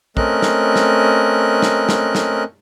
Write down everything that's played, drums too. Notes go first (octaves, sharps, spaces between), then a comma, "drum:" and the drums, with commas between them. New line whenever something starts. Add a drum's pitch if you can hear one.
A3 C4 C#4 A#4 D#5 F#6, drum: kick
drum: snare
drum: snare
drum: snare
drum: snare
drum: snare